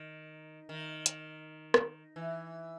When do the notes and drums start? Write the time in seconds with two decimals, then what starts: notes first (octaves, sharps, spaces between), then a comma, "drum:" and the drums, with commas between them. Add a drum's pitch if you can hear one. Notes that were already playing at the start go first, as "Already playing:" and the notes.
Already playing: D#3
0.69 D#3
1.06 drum: hi-hat
1.74 drum: rim click
2.16 E3